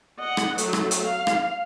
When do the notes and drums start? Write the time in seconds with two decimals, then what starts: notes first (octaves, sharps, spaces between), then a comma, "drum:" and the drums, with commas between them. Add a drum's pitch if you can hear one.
0.19 D#5 F#5
0.37 drum: rim click
0.58 F#3 A3, drum: hi-hat
0.73 drum: rim click
0.91 drum: hi-hat
1.05 F5
1.27 drum: rim click